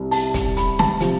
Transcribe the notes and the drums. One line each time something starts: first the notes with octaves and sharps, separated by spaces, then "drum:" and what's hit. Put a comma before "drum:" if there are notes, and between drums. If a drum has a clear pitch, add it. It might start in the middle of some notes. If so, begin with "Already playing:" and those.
Already playing: C2 C3
A5, drum: open hi-hat
drum: kick, hi-hat
B5, drum: hi-hat
A5, drum: snare
C3 F3, drum: hi-hat